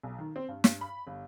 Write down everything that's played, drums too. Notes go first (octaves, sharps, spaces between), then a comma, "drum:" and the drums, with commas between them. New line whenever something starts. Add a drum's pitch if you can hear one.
B1
D#3
C4
G2
G2, drum: snare
B5
G1